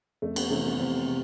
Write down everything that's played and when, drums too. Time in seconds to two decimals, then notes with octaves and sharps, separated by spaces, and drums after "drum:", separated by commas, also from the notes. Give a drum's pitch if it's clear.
0.22 F2 A3
0.36 B3, drum: cymbal
0.50 C3 E3 A3
0.65 B3
0.79 F2 C3 C4
1.07 C3